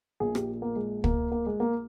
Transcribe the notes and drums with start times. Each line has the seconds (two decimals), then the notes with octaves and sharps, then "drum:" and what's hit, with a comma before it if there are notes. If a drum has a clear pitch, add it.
0.20 A#1 A#2 G#4
0.35 G4, drum: rim click
0.62 A#3
0.76 G#3
1.04 A#3, drum: kick
1.32 A#3
1.46 G#3
1.60 A#3